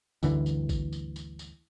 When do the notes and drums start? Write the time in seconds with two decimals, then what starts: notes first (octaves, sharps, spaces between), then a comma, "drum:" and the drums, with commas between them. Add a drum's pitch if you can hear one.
0.23 G1 D2 D3 E3, drum: tambourine
0.46 drum: tambourine
0.69 drum: kick A1, tambourine
0.93 drum: tambourine
1.16 drum: tambourine
1.39 drum: tambourine